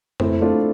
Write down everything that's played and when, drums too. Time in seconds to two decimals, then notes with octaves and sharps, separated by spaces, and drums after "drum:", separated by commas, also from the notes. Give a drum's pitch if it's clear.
0.20 A3 C4 E4, drum: tom F2
0.41 A3 D4 F4